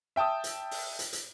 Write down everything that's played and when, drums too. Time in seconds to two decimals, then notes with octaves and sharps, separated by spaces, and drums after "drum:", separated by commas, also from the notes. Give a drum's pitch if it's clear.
0.16 E5 G5 A5 D#6 E6
0.44 drum: hi-hat
0.71 drum: open hi-hat
0.99 drum: hi-hat
1.13 drum: hi-hat